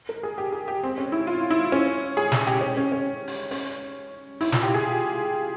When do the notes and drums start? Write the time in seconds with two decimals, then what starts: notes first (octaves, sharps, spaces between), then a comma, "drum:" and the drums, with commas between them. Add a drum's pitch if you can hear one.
0.09 A#4
0.23 G#4
0.38 G4
0.52 G#4
0.68 G4
0.83 C4
0.98 C#4
1.12 E4
1.27 F4
1.51 E4
1.72 C#4
2.17 G#4
2.32 G#4, drum: snare
2.47 G4, drum: hi-hat
2.61 C#4
2.77 C#4
2.92 C#4
3.28 drum: open hi-hat
3.51 C#4, drum: open hi-hat
4.41 E4, drum: open hi-hat
4.52 F4, drum: snare
4.63 G4
4.74 G#4